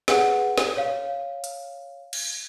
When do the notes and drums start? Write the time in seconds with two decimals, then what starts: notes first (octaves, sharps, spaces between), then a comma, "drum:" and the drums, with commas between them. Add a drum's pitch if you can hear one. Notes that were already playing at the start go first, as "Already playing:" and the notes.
0.08 G#4 B4 F#5, drum: snare
0.58 drum: snare
0.77 C#5 F5
1.44 drum: hi-hat
2.13 drum: cymbal